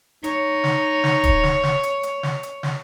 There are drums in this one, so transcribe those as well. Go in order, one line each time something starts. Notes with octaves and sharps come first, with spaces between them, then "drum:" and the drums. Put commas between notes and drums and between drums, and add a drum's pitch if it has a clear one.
D#4 C#5, drum: hi-hat
drum: snare
drum: snare
drum: kick D1, hi-hat
drum: snare
drum: snare
drum: hi-hat
drum: hi-hat
drum: snare
drum: hi-hat
drum: snare